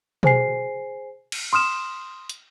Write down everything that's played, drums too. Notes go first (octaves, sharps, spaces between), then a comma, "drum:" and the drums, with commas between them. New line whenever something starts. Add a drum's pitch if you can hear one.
G#4 C5 G#5 C7, drum: tom B2
drum: cymbal
C6 D#6 F6 E7
drum: hi-hat